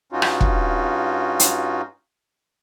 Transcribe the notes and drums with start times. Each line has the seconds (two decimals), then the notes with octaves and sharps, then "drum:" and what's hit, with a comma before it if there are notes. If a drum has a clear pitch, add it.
0.12 G2 C#4 D#4 F4 F#4
0.22 drum: rim click
0.41 drum: kick
1.40 drum: hi-hat